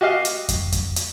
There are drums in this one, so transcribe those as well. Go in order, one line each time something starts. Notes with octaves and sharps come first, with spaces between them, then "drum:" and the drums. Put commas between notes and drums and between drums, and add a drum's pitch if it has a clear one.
F#4 G4 D#5 F5
drum: hi-hat
drum: kick F2, hi-hat
drum: kick F2, hi-hat
drum: hi-hat